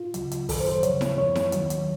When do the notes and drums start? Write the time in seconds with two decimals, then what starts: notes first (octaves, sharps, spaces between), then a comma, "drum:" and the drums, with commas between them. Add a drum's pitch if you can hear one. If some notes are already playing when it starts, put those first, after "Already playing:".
Already playing: F4
0.14 C#2 C#3 F#3, drum: hi-hat
0.31 drum: hi-hat
0.49 F#2 D#3 F#3 A4, drum: kick, open hi-hat
0.60 C5
0.72 C5
0.83 D#2 C#3 F3 C#5, drum: hi-hat
1.01 drum: snare E4
1.18 F#2 F3 C#5
1.35 drum: snare E4
1.52 D#2 D#3 F#3, drum: hi-hat
1.70 drum: hi-hat